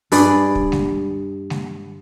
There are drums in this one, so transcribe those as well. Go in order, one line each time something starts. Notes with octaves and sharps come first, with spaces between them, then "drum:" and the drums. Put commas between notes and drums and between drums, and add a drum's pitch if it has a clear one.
G2 G#4 B4 D5, drum: open hi-hat
drum: kick
drum: snare G#3
drum: snare G#3